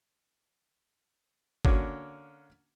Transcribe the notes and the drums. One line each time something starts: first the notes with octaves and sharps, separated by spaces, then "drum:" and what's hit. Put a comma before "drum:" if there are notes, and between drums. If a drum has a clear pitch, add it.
D3 A#3 C#4 F#4, drum: kick G#1